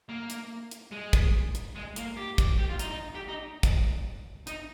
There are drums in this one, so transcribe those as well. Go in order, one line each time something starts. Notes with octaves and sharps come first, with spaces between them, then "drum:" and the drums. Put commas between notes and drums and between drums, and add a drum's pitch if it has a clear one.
A#3
drum: hi-hat
drum: hi-hat
G#3
drum: kick, hi-hat
drum: hi-hat
G#3
A#3, drum: hi-hat
G4
drum: kick, hi-hat
G4
F4
D#4, drum: hi-hat
D#4
G4
D#4
drum: kick, hi-hat
D#4, drum: hi-hat